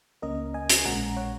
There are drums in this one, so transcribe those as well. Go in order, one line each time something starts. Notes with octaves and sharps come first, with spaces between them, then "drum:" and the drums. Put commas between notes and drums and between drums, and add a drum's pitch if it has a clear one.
C#2 C#3 A#3 C#4 A#4 D#5
D#5 G#5
drum: hi-hat
A#1 A#2 G#3 C#4 F#5 A#5
C#5 F#5